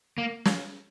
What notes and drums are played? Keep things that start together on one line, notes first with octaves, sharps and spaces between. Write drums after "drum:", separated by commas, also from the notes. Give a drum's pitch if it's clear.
A#3
drum: snare